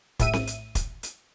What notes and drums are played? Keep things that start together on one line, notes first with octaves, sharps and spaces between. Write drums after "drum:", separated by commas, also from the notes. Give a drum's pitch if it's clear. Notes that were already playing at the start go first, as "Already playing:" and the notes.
A#1 A2 E5 D#7, drum: kick, hi-hat
drum: snare C4
drum: hi-hat
drum: kick, hi-hat
drum: hi-hat